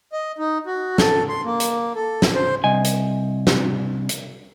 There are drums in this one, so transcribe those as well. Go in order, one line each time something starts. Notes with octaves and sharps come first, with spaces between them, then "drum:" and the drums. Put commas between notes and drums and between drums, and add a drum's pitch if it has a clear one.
D#5
D#4
F#4
A4, drum: snare
C6
A#3
drum: hi-hat
A4
drum: snare
C5
C2 D#5 G#5
drum: hi-hat
drum: snare
drum: hi-hat